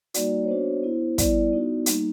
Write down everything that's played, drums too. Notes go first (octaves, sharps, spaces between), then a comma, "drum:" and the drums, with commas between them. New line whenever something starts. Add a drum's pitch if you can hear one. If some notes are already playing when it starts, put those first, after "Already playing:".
G3 A#3 D#4 F#4 D5, drum: hi-hat
C#5
B3 D4 F#4 C5
B3 E4
G3 B3 E4 D5, drum: kick, hi-hat
B3 D#4 F#4
G3 A#3 D#4, drum: hi-hat